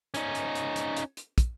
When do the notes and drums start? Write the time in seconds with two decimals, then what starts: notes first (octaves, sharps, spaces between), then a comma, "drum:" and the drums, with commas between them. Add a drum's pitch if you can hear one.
0.14 C#4 D#4, drum: hi-hat
0.35 drum: hi-hat
0.55 drum: hi-hat
0.76 drum: hi-hat
0.97 drum: hi-hat
1.17 drum: hi-hat
1.38 drum: kick, hi-hat